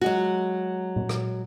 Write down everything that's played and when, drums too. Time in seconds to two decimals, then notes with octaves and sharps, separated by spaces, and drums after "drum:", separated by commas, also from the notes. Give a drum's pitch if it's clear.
0.01 F#3 G#3 F#4
0.96 drum: tom A#2
1.09 drum: rim click